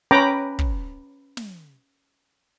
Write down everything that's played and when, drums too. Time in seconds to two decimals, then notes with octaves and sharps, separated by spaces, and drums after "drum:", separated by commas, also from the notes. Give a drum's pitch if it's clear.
0.11 C#4 B4 G5 A#5 B5 D6
0.59 drum: kick
1.37 drum: snare